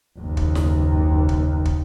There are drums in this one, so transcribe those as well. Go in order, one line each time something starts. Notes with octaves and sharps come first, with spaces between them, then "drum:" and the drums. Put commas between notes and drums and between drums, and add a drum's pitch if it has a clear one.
F#1 D#2
drum: kick
drum: snare
drum: kick
drum: kick